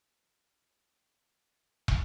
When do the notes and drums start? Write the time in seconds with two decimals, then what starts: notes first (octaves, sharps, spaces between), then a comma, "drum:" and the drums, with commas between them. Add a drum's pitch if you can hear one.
0.80 C#5
1.06 C#3 F3 A4 D5
1.88 drum: kick